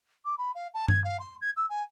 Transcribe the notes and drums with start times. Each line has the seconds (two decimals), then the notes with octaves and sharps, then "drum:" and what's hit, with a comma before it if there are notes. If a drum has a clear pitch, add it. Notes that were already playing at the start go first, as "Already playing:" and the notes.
0.25 D6
0.38 B5
0.55 F5
0.74 A5
0.88 G#6, drum: tom G2
1.04 F5
1.19 C6
1.41 G#6
1.56 E6
1.69 G#5